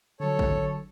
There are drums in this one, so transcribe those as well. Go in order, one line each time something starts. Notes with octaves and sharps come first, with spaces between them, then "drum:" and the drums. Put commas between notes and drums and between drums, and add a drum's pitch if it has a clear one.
D3 F#3 A4 C#5
drum: kick G#1